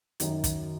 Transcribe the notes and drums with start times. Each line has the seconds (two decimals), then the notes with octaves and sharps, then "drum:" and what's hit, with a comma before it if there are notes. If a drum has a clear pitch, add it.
0.20 F#2 D#3 F#3, drum: hi-hat
0.44 drum: kick, hi-hat